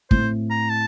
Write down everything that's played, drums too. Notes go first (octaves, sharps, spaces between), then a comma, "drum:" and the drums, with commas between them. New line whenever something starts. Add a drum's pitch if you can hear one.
A2 A3 C4 C5, drum: kick
A#5
A5